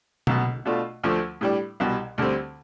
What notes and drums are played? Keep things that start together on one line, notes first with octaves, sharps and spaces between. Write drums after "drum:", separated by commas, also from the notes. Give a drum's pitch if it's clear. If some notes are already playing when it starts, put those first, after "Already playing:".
B1 B2 B3, drum: tom
B2 A3 D4 F4
D2 D3 F3 A3
A2 G3 D4
C2 B2 G3
D2 D3 G3 C4